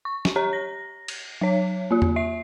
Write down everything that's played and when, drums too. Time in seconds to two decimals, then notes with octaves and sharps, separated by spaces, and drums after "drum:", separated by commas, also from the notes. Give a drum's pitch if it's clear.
0.05 C#6
0.25 drum: snare
0.36 G4 C#5 A#5
0.53 A#6
1.08 drum: cymbal
1.41 F#3 C#5
1.91 A#3 F4
2.02 drum: tom E2
2.16 E5 C7